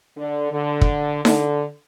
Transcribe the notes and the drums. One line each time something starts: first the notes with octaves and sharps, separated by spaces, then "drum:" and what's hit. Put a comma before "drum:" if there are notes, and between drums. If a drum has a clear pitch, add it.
D3
D3
drum: kick
D3, drum: snare D#4